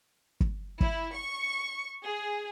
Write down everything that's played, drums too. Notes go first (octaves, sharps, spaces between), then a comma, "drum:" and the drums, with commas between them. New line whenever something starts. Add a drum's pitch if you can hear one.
drum: kick
E4, drum: kick
C#6
G#4